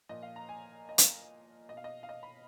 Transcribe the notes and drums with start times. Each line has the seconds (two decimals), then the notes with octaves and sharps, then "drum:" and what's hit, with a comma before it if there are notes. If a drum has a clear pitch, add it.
0.09 A#2 F3 D#5
0.23 F5
0.36 A#5
0.49 G#5
0.89 D#5
0.98 drum: hi-hat
1.69 B2 D#5
1.77 F5
1.84 D#5
2.03 F5
2.09 D#5
2.23 B5